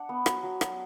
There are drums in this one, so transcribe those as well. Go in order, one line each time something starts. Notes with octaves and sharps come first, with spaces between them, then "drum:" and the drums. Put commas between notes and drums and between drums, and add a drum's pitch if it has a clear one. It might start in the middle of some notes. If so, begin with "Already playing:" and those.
Already playing: D4 F#5
B3
F#3, drum: rim click
F#3
F#3, drum: rim click